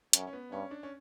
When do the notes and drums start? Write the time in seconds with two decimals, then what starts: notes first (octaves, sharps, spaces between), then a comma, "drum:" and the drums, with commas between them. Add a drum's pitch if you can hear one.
0.13 F#2 C#4, drum: hi-hat
0.27 C#4
0.33 B3
0.51 G2 C#4
0.71 D4
0.83 C#4